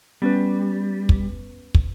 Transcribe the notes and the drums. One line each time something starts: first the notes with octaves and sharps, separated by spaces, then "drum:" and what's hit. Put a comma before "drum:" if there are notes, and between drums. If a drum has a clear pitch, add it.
G3 B3 C#4 B4
drum: kick
drum: kick